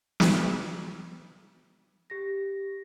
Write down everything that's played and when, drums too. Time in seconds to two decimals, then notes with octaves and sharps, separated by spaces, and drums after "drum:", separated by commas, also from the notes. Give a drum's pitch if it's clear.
0.20 drum: snare
2.10 G4 A#6